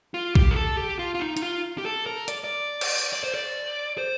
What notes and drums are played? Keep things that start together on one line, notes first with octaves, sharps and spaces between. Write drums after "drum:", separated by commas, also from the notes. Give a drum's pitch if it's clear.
F4
G4, drum: kick
A#4
A4
G4
F4
F4
D#4
D#4, drum: hi-hat
F4
G4
A4
A#4
D5, drum: hi-hat
D5
drum: cymbal
D5
C5
D5
C5